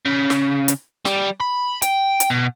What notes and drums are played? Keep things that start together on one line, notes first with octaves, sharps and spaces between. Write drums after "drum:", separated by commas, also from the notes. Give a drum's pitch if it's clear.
C#3
drum: snare
drum: hi-hat
G3, drum: snare
B5
G5, drum: hi-hat
drum: hi-hat
B2